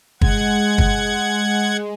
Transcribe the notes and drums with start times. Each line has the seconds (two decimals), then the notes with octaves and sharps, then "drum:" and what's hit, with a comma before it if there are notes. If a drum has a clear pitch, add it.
0.21 G#3 F#5 G#6, drum: kick
0.78 drum: kick